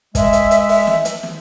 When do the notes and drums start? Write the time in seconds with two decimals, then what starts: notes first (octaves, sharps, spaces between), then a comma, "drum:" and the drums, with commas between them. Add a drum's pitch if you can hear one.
0.15 G#3 E5, drum: kick, hi-hat
0.33 drum: hi-hat
0.51 drum: hi-hat
0.69 drum: open hi-hat
0.87 drum: snare
1.05 drum: hi-hat
1.23 drum: snare